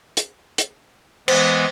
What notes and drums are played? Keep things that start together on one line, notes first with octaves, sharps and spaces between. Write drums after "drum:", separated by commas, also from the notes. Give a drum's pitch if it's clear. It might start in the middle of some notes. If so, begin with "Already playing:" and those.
drum: hi-hat
drum: hi-hat
E3 G#3 B3 C5, drum: cymbal